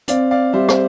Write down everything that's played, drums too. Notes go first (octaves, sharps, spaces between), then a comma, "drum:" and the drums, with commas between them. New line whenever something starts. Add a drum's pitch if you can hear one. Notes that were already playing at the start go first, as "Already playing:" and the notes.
C4 D5 F5, drum: hi-hat
D5 F5
G3 C5 E5
C5, drum: rim click